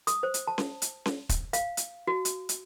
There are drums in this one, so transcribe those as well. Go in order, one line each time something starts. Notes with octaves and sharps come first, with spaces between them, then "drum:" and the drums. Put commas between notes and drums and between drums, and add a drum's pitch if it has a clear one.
D#6, drum: hi-hat
C5
drum: hi-hat
A5
drum: snare C#4
drum: hi-hat
drum: snare C#4
drum: kick, hi-hat
F5, drum: hi-hat
drum: hi-hat
F#4
drum: hi-hat
drum: hi-hat